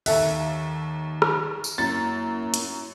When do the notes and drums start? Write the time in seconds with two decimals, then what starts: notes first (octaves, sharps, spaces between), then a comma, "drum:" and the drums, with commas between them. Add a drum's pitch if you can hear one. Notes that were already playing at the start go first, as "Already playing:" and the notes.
0.06 D#2 D#3 A4 E5 F#6, drum: open hi-hat
1.22 drum: rim click
1.64 drum: tambourine
1.78 F#2 A#3 E4 A6
2.54 drum: hi-hat